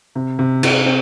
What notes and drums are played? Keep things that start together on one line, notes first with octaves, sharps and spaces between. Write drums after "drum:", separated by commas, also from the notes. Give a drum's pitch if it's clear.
C3
C3
C3, drum: cymbal
C4